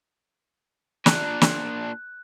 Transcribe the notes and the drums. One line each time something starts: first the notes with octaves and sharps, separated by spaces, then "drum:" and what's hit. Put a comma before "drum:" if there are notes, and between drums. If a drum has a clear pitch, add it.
A#2 D4 F#6, drum: snare
drum: snare